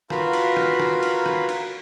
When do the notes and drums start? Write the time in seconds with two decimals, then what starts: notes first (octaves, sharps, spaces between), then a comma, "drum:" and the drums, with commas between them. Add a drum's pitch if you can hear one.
0.10 F4 F#4 A#4 B4 F5 B5, drum: rim click
0.33 drum: cymbal
0.56 drum: rim click
0.80 drum: rim click
1.03 drum: cymbal
1.26 drum: rim click
1.49 drum: cymbal